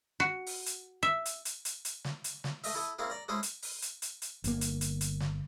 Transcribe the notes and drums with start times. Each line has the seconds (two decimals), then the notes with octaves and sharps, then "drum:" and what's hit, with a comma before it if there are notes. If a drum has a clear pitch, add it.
0.20 F#4
0.47 drum: open hi-hat
0.66 drum: hi-hat
1.03 E5
1.26 drum: hi-hat
1.45 drum: hi-hat
1.65 drum: hi-hat
1.85 drum: hi-hat
2.04 drum: snare
2.24 drum: hi-hat
2.44 drum: snare
2.64 A3 D#5 E5, drum: open hi-hat
2.75 E4 A4 D#6
2.99 A#3 C4 C#4 E4 G#4
3.10 D5 A#5
3.28 G#3 A3 C#4 E4 C5 D#6
3.43 drum: hi-hat
3.62 drum: open hi-hat
3.82 drum: hi-hat
4.02 drum: hi-hat
4.22 drum: hi-hat
4.44 G1 A#3, drum: hi-hat
4.61 drum: hi-hat
4.81 drum: hi-hat
5.01 drum: hi-hat
5.20 drum: snare